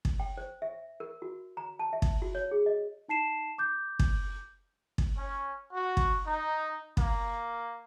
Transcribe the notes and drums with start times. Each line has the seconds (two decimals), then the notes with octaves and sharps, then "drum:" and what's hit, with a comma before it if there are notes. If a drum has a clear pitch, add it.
0.05 drum: kick
0.20 G5
0.37 C5
0.62 E5
1.00 A#4
1.22 F#4
1.57 A#5
1.79 A5
1.93 E5
2.02 drum: kick
2.22 F#4
2.35 C#5
2.51 G#4
2.66 D#5
3.08 D#4 A5 C7 E7
3.58 D6 G6
3.99 drum: kick
4.98 drum: kick
5.16 C#4
5.73 F#4
5.97 drum: kick
6.24 D#4
6.97 A#3, drum: kick